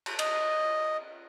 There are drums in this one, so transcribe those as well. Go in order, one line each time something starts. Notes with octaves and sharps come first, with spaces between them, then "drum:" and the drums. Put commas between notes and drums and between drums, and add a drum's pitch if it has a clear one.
drum: cymbal
D#5, drum: cymbal